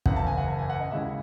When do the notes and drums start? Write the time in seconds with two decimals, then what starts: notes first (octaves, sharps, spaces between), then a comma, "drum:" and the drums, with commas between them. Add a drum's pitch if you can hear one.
0.06 F#1 E2 C#3 F#5, drum: kick
0.16 A5
0.27 G#5
0.38 F#5
0.48 A5
0.59 G#5
0.70 F#5
0.80 D#5
0.91 D#2 C#3 G#3 C#4 E4 E5